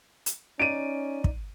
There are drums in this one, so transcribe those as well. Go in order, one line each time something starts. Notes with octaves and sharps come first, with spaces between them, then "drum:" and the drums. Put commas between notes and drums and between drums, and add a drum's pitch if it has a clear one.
drum: hi-hat
C#4 D#4 D5 D7 D#7
drum: kick